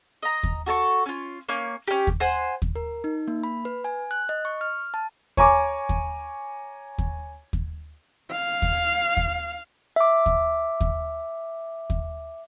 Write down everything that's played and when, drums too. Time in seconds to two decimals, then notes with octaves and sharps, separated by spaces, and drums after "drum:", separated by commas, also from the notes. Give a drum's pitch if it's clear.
0.23 D#5 A#5
0.43 drum: kick
0.66 F#4 A4 A5 C#6
1.06 C#4 F4
1.49 A#3 C#4
1.88 C#4 G4
2.07 drum: kick
2.20 C5 F#5 G#5
2.62 drum: kick
2.76 A#4
3.04 D#4
3.28 A#3
3.43 B5
3.65 B4
3.85 G#5
4.11 F#6
4.29 D#5
4.45 C#6
4.61 F6
4.94 A5
5.37 C#5 G#5 A#5 C#6 D6, drum: kick
5.89 drum: kick
6.98 drum: kick
7.53 drum: kick
8.32 F5
8.62 drum: kick
9.17 drum: kick
9.96 E5 D6
10.26 drum: kick
10.81 drum: kick
11.90 drum: kick